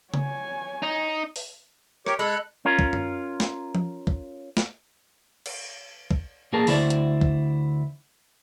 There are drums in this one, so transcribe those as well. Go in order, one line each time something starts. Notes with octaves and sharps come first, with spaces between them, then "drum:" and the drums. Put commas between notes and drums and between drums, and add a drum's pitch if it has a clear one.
C#5 G#5, drum: tom C#3
D#4
drum: open hi-hat
G4 A#4 C#5, drum: rim click
G#3 A4 B5 F#6
C#4 F4 A#4
drum: kick
drum: tom F#2
drum: snare
drum: tom F3
drum: kick
drum: snare
drum: cymbal
drum: kick
A#2 A#3 G#4 A#4 A5
D2 E4 C5 D5, drum: open hi-hat
drum: hi-hat
drum: kick